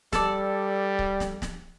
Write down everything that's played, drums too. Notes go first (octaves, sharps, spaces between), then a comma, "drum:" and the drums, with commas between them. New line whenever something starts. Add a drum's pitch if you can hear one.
G3 A4 D5, drum: snare
drum: kick C#1
drum: snare
drum: snare